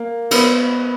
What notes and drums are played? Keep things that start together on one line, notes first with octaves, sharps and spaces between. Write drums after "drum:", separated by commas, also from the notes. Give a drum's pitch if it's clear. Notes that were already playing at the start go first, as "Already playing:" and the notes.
Already playing: A#3
B3, drum: cymbal